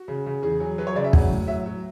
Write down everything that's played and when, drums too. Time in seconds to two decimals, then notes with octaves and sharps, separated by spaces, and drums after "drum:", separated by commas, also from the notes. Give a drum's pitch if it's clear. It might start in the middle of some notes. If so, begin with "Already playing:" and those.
Already playing: F#4
0.08 C#3
0.26 C#3
0.43 E2 G#4
0.60 F#3
0.78 F#3 B4
0.87 C#5
0.95 C#3 D5
1.04 E5
1.13 F#3 F#5, drum: kick
1.31 A2
1.48 F#3 E5
1.66 F#3